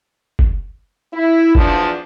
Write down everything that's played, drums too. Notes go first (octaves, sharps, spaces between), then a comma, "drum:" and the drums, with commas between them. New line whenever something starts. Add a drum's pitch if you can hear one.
drum: kick F#1
E4
E2 F3 D4, drum: kick F#1